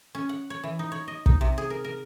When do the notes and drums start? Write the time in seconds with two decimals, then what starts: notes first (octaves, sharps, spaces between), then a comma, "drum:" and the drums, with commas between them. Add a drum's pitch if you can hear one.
0.15 C#4
0.29 F#5
0.50 C#5
0.64 E3
0.79 D#4
0.92 C#5
1.08 D#5
1.26 D#4, drum: kick
1.41 C3
1.58 G#4
1.70 A#4
1.84 A#4